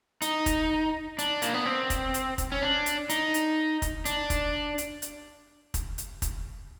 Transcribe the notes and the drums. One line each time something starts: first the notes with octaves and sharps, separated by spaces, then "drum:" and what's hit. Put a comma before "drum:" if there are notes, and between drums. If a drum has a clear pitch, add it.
D#4, drum: hi-hat
drum: kick, hi-hat
D4, drum: hi-hat
A#3, drum: hi-hat
B3
C4
drum: kick, hi-hat
drum: hi-hat
drum: kick, hi-hat
C#4
D4
drum: hi-hat
D#4, drum: hi-hat
drum: hi-hat
drum: kick, hi-hat
D4, drum: hi-hat
drum: kick, hi-hat
drum: hi-hat
drum: hi-hat
drum: kick, hi-hat
drum: hi-hat
drum: kick, hi-hat